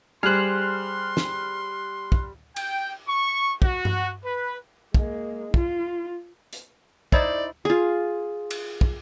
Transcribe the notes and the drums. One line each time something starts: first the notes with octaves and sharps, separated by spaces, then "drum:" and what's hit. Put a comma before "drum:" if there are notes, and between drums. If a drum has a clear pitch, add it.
G3 G#4 C5 C6 F6 F#6
drum: snare
drum: kick
G5, drum: cymbal
C#6
F#4, drum: kick
drum: tom G2
B4
G#3 A#3, drum: kick
F4, drum: kick
drum: hi-hat
D#4 E4 C5 D5, drum: kick
F4 G#4
drum: cymbal
drum: kick